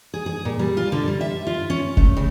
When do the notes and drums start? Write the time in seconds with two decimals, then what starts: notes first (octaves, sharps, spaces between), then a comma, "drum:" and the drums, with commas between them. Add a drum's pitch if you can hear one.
0.14 G#4
0.26 G#4
0.45 A#2
0.59 G3
0.77 F4
0.92 D3
1.08 G3
1.21 E5
1.47 F4
1.70 C#4
1.97 A3, drum: kick F1
2.17 C#3